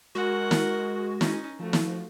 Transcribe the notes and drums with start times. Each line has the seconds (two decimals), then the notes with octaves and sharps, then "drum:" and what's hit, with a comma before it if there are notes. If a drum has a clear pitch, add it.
0.15 G#3 F#4 A#4 F#5
0.51 drum: snare
1.21 C#4 D#4, drum: snare
1.59 F3 A3 F#4
1.73 drum: snare